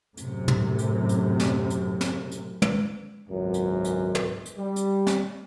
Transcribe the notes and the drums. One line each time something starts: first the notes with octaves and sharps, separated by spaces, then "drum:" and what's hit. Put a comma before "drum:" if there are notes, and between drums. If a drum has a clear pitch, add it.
F#2 A2 C3, drum: hi-hat
drum: tom
drum: hi-hat
drum: hi-hat
drum: snare
drum: hi-hat
drum: snare
drum: hi-hat
drum: tom
G#1 C#2 F#2
drum: hi-hat
drum: hi-hat
drum: tom
drum: hi-hat
G3
drum: hi-hat
drum: snare